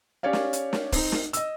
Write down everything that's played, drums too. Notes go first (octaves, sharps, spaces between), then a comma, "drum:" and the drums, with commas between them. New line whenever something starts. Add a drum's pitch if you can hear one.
C#4 G4 C#5 D5 F5
drum: snare
drum: hi-hat
drum: snare
C4 D#4, drum: kick, open hi-hat
drum: snare
D#5 E6, drum: hi-hat